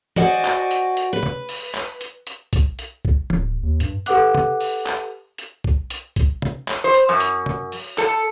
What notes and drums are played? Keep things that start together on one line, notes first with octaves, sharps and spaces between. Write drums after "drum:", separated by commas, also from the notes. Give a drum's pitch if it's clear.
F#4 C5 D5 D#5 F#5 G#5, drum: tom
drum: clap
drum: hi-hat
drum: hi-hat
B4
drum: tom
drum: open hi-hat
drum: clap
drum: hi-hat
drum: hi-hat
drum: kick B1, hi-hat
drum: hi-hat
drum: kick B1
D1, drum: tom
D#2
G2, drum: hi-hat
G4 A4 B4 F#5 D6 F#6, drum: hi-hat
drum: tom
drum: open hi-hat
drum: clap
drum: hi-hat
drum: kick B1
drum: hi-hat
drum: kick B1, hi-hat
drum: tom
drum: clap
C5
drum: hi-hat
F#2
drum: hi-hat
drum: tom
drum: open hi-hat
A4, drum: clap